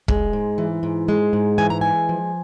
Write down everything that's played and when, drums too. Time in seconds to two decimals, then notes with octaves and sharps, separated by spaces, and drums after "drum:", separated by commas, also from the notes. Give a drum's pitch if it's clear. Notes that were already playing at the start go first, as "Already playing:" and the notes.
0.08 G#3, drum: kick
0.33 G#2
0.58 E3
0.83 G#2
1.08 G#3
1.33 G#2
1.58 E3 G#5
1.70 A#5
1.81 G#3 G#5
2.09 F3